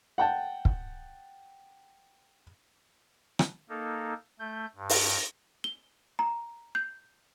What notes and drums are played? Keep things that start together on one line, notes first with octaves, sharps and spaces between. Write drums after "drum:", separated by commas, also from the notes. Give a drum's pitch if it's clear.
F#5 G5 A5
drum: kick
drum: rim click
A#3 D#4 A4
A3 G6
G2
drum: open hi-hat
G7
A#5
G6